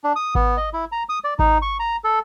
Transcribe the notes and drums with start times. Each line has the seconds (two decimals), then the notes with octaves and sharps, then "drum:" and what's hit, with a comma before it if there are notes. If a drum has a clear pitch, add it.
0.04 D4
0.16 D#6
0.35 B3, drum: kick G#1
0.57 D#5
0.73 E4
0.92 A#5
1.09 D#6
1.24 D5
1.39 D#4, drum: kick G#1
1.62 C#6
1.79 A#5
2.04 A4